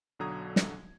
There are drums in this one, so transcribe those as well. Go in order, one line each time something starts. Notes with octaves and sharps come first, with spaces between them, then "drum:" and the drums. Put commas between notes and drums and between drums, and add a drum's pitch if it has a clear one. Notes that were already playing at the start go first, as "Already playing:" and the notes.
B1 D3 F#3 A#5 D#6 G#6
drum: snare